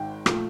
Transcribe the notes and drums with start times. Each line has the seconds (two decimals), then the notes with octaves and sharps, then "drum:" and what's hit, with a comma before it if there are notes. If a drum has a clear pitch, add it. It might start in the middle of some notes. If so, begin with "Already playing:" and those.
Already playing: G#1 G#2 G5
0.26 A#2 F3 A3, drum: rim click